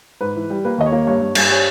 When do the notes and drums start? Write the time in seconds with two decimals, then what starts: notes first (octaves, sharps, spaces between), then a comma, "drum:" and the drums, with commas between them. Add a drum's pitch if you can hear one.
0.21 G#2 B4
0.36 E3
0.50 G3
0.65 A#3 B4
0.78 D#2 D#5
0.86 C#5
0.92 A#3
1.07 G2 C#5
1.21 G2
1.35 G2, drum: cymbal
1.49 G3 C#5